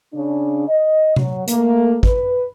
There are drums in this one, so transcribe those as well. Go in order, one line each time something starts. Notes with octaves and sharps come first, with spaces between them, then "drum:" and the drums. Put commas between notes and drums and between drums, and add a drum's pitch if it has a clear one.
C#3 D4
D#5
F#3, drum: tom C3
A3 A#3, drum: hi-hat
B4, drum: kick